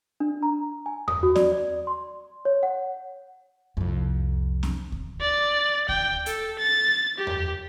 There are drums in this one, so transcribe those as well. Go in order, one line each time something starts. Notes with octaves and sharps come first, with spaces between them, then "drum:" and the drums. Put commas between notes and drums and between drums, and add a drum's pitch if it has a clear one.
D4
A#5
G#5
D#6, drum: tom E2
F#4
D5, drum: snare C4
D5
C6
C#5
F#5
C2 F2
drum: snare C4
drum: kick D2
D5
G5, drum: kick D2
A4, drum: hi-hat
A6
G4
drum: tom E2